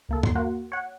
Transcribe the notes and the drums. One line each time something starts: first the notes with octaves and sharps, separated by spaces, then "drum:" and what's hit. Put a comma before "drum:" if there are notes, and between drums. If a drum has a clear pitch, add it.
C#2 A#3 A4
D#2 C6, drum: tom
A#3 F#4 F#5
C#5 F#5